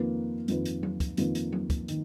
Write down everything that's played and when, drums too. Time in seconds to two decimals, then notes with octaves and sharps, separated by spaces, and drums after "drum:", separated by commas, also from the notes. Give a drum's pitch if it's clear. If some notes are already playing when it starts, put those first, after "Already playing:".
Already playing: F2 D#3 A#3 F4 B4
0.48 F2 D#3 A#3 F4 B4, drum: hi-hat
0.65 drum: hi-hat
0.83 drum: tom F#3
1.00 drum: kick, hi-hat
1.17 F2 D#3 A#3 F4 B4, drum: hi-hat
1.35 drum: hi-hat
1.52 drum: tom F#3
1.70 drum: kick, hi-hat
1.88 D#3, drum: hi-hat